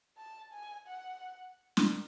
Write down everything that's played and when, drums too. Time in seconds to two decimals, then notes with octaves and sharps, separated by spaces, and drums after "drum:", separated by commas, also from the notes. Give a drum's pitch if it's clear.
0.17 A5
0.52 G#5
0.88 F#5
1.77 drum: snare